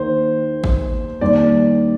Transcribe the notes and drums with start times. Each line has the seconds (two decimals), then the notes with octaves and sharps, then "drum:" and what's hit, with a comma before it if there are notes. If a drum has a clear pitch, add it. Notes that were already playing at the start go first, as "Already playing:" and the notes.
Already playing: D#2 D#3 A#3 C5
0.64 drum: kick G#1
1.21 D#2 D#3 G3 D5